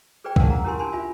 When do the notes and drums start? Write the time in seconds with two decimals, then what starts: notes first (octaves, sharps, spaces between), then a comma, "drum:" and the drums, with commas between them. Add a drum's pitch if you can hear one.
0.24 G#4 B4 D5 G5
0.36 A#4 F5 F#5 G#5 A5, drum: kick
0.50 A#5
0.64 C#4 E4 G4 A#4 G#5 C6
0.79 D4 G#5 A5 C6
0.93 F4 E5 G#5 B5